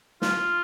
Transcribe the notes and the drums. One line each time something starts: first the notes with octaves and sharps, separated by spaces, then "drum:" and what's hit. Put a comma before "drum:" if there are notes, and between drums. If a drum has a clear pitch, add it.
F4, drum: snare